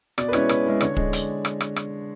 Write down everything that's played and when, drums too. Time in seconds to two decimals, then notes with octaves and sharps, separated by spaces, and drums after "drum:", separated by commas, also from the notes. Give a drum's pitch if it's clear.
0.18 B2 D5, drum: rim click
0.28 B4
0.33 G#3 C#4 E4 C#5, drum: rim click
0.49 B2 B4, drum: rim click
0.66 G#3 C#4 E4
0.81 D3 C#5, drum: rim click
0.97 G#3 D4, drum: kick
1.13 drum: hi-hat
1.45 drum: rim click
1.61 drum: rim click
1.76 drum: rim click